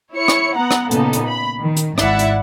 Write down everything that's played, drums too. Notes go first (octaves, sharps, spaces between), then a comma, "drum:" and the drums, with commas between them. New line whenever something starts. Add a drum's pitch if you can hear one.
E4 C#5 C#7
drum: rim click
B3 F#5 A#5
drum: rim click
A#2 C#3 B3 D#4 A4, drum: hi-hat
drum: hi-hat
B5
D#3
drum: hi-hat
G#1 G#2 E4 D5 E5 F#5, drum: rim click
drum: hi-hat